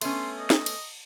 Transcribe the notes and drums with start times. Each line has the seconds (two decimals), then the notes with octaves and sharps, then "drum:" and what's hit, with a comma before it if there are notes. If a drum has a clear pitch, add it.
0.01 A3 B3 C#4 C6, drum: cymbal
0.39 D#5
0.50 drum: snare
0.66 drum: cymbal